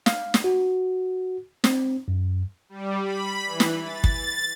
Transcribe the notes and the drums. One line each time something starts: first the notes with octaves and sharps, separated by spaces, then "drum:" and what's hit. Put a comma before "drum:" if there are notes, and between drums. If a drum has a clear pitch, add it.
F5, drum: snare
drum: snare
F#4
C4, drum: snare
F#2
G3
B5
E3
drum: snare
A6
drum: kick